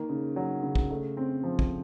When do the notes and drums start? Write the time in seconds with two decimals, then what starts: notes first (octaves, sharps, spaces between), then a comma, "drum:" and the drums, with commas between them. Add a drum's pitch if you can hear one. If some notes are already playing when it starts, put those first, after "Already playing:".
Already playing: D#3 A#3
0.09 C#3
0.36 F#3
0.63 C#3
0.75 drum: kick
0.90 A3
1.17 C4
1.43 F3
1.59 drum: kick